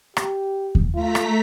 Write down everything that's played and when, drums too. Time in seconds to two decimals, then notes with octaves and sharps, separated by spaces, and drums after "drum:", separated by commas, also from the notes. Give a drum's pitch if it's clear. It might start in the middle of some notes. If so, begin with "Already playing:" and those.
0.17 G4, drum: rim click
0.75 drum: kick D#2
0.95 A3 F4 A#5 B6
1.15 drum: rim click